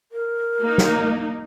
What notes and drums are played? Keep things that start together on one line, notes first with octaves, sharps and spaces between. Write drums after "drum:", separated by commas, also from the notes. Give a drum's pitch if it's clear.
A#4
A#3 D#4
drum: snare